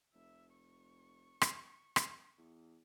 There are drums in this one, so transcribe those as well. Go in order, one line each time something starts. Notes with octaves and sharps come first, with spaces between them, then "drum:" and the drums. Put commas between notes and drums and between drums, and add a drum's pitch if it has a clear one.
F1 E5
C#6
drum: rim click
drum: rim click
E2